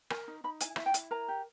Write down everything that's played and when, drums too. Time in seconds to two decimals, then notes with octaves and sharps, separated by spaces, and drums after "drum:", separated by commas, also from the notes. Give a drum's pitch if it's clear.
0.10 A#4 G#5, drum: rim click
0.28 D#4
0.44 D#4 B5
0.61 E4 G#5, drum: hi-hat
0.76 E4 E5, drum: rim click
0.86 G5
0.94 E4, drum: hi-hat
1.11 A#4 A#5
1.28 G4